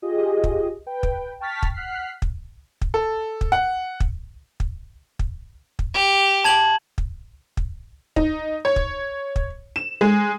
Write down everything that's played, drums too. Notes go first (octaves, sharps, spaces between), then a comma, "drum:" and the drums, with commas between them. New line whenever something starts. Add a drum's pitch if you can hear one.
F4 G4 G#4 D#5
drum: kick
B4 G5
drum: kick
G5 A5 C#6 F6 A6 B6
drum: kick
F#5 F6 F#6 B6 C7
drum: kick
drum: kick
A4
drum: kick
F#5
drum: kick
drum: kick
drum: kick
drum: kick
G4
A5 G#6 F#7
drum: kick
drum: kick
D#4, drum: kick
C#5
drum: kick
drum: kick
E7
G#3